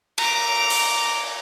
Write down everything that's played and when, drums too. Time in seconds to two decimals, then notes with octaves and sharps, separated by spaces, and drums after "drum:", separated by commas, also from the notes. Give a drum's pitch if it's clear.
0.18 A#5 D6, drum: cymbal
0.70 drum: open hi-hat